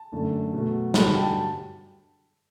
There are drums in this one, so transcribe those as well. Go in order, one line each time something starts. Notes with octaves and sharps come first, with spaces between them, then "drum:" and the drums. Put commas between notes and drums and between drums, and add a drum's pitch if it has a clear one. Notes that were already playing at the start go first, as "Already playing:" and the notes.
Already playing: A5
F#2 D3 A3
B2 F#3 A3
G2 D3 F#3 B5, drum: snare
A5
G5
A5